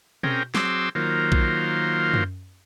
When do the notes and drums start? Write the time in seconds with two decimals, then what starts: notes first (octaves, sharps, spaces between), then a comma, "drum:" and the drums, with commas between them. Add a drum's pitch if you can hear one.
0.23 C4 C#4 G#4 A#4 G5, drum: tom B2
0.54 F#3 C4 G#4 C6 D6 E6, drum: snare
0.95 D#3 F#3 A#3 F4 C5
1.32 drum: kick A#1
2.13 drum: tom F#2